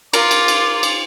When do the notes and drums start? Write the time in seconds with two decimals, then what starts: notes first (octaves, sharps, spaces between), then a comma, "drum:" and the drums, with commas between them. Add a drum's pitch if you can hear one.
0.13 F4 A#4 D6, drum: cymbal
0.31 drum: cymbal
0.48 drum: cymbal
0.83 drum: cymbal